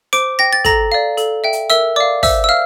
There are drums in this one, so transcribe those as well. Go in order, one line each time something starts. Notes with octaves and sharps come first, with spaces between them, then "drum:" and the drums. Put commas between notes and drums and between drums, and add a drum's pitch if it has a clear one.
C5 D6 D7, drum: hi-hat
G5 A#6
A6
A4 A#5 A#6, drum: kick, hi-hat
D5 F5
A4, drum: hi-hat
E5 G5
drum: hi-hat
A#4 E5 E6, drum: hi-hat
D5 F5 D6
C5 E5 E6, drum: kick, open hi-hat
E6
E5 F5 F6